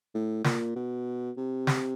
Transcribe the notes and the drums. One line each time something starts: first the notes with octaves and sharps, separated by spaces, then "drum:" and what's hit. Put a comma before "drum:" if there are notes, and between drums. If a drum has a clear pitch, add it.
A2
A#2, drum: snare
B2
C3
drum: snare